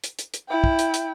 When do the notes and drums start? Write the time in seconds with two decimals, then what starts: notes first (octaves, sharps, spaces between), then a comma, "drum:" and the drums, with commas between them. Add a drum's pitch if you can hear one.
0.04 drum: hi-hat
0.19 drum: hi-hat
0.34 drum: hi-hat
0.49 E4 G5
0.64 drum: kick
0.79 drum: hi-hat
0.94 drum: hi-hat